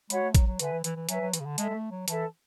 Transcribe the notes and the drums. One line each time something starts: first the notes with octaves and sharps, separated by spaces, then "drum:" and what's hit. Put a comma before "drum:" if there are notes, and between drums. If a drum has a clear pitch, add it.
G#3 F#4 C#5 F#5 B5, drum: hi-hat
A3
F#3, drum: kick A1, hi-hat
F#3
D3 B4 E5 G#5, drum: hi-hat
E3
E3, drum: hi-hat
E3
F#3 B4 E5 G#5, drum: hi-hat
F#3
E3, drum: hi-hat
C#3
D3
G#3 A4 E5 A5, drum: hi-hat
G#3
A3
F#3
E3 A4 E5 A5, drum: hi-hat